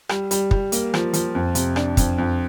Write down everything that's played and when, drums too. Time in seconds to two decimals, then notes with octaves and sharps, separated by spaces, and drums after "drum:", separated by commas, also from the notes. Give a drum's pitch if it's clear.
0.09 G3, drum: rim click
0.31 G3, drum: hi-hat
0.51 G3, drum: kick
0.72 A#3, drum: hi-hat
0.94 F3, drum: rim click
1.13 F3, drum: hi-hat
1.35 F2
1.55 C3, drum: hi-hat
1.76 D4, drum: rim click
1.97 F2, drum: kick, hi-hat
2.18 F2